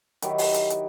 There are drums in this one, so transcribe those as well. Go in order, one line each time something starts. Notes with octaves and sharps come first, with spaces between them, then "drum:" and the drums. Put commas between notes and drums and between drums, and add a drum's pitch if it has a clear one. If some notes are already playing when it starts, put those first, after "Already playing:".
D#3 F#3 E4 G4, drum: hi-hat
drum: open hi-hat
drum: hi-hat
drum: hi-hat